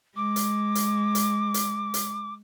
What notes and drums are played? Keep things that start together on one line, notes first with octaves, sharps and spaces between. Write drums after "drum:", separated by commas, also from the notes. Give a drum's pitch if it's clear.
G#3 D6
drum: hi-hat
drum: hi-hat
drum: hi-hat
drum: hi-hat
drum: hi-hat